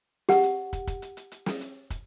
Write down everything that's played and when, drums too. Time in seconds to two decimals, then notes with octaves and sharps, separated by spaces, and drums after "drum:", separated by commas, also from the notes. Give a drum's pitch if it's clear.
0.29 G4 F#5, drum: snare
0.43 drum: hi-hat
0.73 drum: kick, hi-hat
0.87 drum: kick, hi-hat
1.02 drum: hi-hat
1.17 drum: hi-hat
1.32 drum: hi-hat
1.46 drum: snare
1.61 drum: hi-hat
1.90 drum: kick, hi-hat